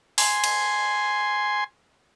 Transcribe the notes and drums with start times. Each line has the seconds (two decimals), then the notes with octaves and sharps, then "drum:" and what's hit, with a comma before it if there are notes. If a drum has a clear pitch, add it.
0.18 G#5 C6, drum: open hi-hat
0.44 drum: cymbal